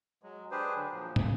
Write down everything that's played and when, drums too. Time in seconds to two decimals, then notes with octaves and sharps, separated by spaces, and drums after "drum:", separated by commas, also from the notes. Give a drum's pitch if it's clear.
0.23 F#3 G#3
0.51 D4 G4 G#4 B4 C5
0.75 D3 F#3
0.92 A#2 F3
1.16 C#3, drum: tom